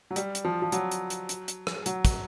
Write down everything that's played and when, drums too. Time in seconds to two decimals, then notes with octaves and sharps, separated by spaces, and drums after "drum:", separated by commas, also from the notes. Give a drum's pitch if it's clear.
0.11 F#3
0.16 G3, drum: hi-hat
0.35 drum: hi-hat
0.45 F3
0.62 F3
0.72 F#3, drum: hi-hat
0.91 drum: hi-hat
1.10 drum: hi-hat
1.29 drum: hi-hat
1.48 drum: hi-hat
1.67 drum: rim click
1.86 F#3, drum: hi-hat
2.05 drum: kick, hi-hat